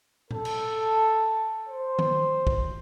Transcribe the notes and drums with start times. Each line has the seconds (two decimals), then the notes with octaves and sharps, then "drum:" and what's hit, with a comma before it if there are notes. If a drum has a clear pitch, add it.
0.31 A4, drum: tom A#2
0.45 drum: cymbal
1.69 C5
1.99 drum: tom D#3
2.47 drum: kick